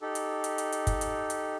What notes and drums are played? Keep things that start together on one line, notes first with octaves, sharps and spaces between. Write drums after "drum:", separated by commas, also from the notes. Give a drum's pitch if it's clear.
D#4 G4 A4
drum: hi-hat
drum: hi-hat
drum: hi-hat
drum: hi-hat
drum: kick, hi-hat
drum: hi-hat
drum: hi-hat